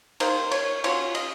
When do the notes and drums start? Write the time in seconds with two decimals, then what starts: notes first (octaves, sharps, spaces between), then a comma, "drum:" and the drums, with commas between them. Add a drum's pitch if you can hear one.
0.20 D#3 A#3 D#4 C5, drum: cymbal
0.52 C#5, drum: cymbal
0.84 F#3 C#4 F4 C#5, drum: cymbal
1.15 D#5, drum: cymbal